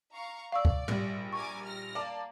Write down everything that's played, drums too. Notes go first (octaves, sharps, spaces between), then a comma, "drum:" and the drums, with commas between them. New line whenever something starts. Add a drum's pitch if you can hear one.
F5 A#5 C#6
D5 F5 C#6 E6
drum: kick
A#1 G3, drum: tom
A#4 G#5 C#6 D6
F6 A#6
A#3 D5 A5